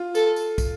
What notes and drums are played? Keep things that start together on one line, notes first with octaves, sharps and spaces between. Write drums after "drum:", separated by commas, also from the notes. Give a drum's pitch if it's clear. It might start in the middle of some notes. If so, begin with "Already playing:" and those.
Already playing: F4
A4, drum: tambourine
drum: tambourine
drum: kick, tambourine